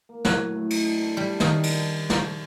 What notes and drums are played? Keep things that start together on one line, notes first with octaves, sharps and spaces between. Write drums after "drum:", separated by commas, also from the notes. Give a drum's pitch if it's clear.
A#3
A2 F#3, drum: snare
A2
A2
D#4, drum: cymbal
D3
D3
G3 A3
D3
D#3, drum: snare
D3
drum: cymbal
drum: snare